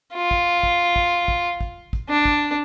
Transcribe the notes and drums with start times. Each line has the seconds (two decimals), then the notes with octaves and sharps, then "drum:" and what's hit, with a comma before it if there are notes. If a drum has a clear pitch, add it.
0.15 F4
0.31 drum: kick
0.63 drum: kick
0.96 drum: kick
1.28 drum: kick
1.61 drum: kick
1.93 drum: kick
2.09 D4
2.25 drum: kick